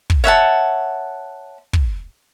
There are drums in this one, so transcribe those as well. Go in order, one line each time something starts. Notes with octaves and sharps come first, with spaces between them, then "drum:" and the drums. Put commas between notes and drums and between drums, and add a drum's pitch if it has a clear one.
drum: kick
C#5 E5 F#5 A5
drum: kick